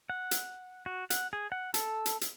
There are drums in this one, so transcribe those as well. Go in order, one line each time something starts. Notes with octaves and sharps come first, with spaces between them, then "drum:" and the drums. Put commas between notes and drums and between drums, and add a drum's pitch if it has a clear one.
F#5
drum: hi-hat
F#4
F#5, drum: hi-hat
G#4
F#5
A4, drum: hi-hat
drum: hi-hat
drum: hi-hat